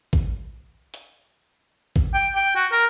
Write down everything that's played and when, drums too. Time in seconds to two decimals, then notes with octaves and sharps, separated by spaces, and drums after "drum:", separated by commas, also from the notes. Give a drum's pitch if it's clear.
0.13 drum: kick A1
0.94 drum: hi-hat
1.96 drum: kick A1
2.14 G5
2.35 G5
2.56 F#4
2.72 A#4